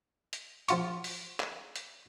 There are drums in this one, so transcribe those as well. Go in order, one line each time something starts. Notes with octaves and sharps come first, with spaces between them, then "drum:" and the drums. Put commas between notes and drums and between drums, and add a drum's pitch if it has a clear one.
drum: hi-hat
F3 F4 C#6, drum: hi-hat
drum: open hi-hat
drum: clap
drum: hi-hat